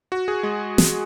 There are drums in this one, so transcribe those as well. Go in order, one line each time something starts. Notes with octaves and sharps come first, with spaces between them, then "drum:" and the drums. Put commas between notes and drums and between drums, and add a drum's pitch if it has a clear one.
F#4
G#4
G#3
drum: snare